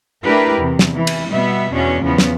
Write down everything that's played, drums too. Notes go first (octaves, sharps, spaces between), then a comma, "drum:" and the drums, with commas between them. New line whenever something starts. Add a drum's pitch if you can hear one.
A3 D4 E4 G4 A#4 B4
E2 C3
drum: snare
E3 E4
drum: cymbal
B2 G3 B3 E5
E2 B2 C#4 D4
E2 C#3 F3 B3
drum: snare